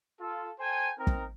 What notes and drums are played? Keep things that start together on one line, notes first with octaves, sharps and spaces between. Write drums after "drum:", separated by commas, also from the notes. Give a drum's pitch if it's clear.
F4 A4
A4 C5 G5 G#5
C4 D#4 A#4
drum: kick